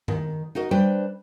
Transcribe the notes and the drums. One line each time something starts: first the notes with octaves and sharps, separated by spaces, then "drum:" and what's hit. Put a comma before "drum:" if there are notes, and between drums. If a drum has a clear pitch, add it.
D#3, drum: tom G2
D#4 F#4 A#4 D#5
G3 D4 B4 C5 G5